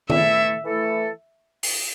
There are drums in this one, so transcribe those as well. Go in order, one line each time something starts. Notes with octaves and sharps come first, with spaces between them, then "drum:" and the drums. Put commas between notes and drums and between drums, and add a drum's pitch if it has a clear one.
E3 A3 E4 A4 E5, drum: tom
E3 A3 E4 A4
drum: open hi-hat